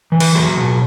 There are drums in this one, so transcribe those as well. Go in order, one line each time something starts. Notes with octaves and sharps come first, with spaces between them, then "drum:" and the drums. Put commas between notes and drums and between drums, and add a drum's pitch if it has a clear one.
E3
B4, drum: cymbal
F#3 G#4
B2